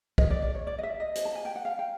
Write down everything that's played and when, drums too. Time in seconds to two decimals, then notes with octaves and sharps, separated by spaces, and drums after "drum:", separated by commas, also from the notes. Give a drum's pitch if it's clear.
0.18 D#5, drum: kick
0.30 D5
0.42 D5
0.55 C#5
0.67 D5
0.78 D#5
0.83 E5
1.00 D#5
1.15 drum: hi-hat
1.25 A5
1.35 G#5
1.45 G5
1.56 F#5
1.65 F5
1.79 G5